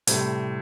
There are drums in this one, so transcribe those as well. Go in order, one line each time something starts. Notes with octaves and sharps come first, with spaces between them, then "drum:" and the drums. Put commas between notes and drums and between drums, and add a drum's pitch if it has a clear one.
A2 C3 G3 C4, drum: hi-hat